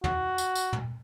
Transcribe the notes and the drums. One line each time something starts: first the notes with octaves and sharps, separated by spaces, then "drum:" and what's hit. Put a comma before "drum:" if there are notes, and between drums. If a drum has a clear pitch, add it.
F#4, drum: tom
drum: tambourine
drum: tambourine
drum: tom